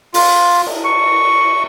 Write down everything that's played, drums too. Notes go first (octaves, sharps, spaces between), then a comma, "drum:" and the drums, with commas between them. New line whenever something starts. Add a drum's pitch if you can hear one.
F4, drum: open hi-hat
drum: cymbal
C#6